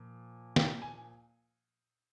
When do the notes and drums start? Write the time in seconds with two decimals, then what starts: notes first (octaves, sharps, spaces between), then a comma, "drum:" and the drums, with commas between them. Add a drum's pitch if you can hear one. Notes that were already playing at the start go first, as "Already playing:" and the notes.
Already playing: A#2 F3
0.56 G5, drum: snare
0.82 G#5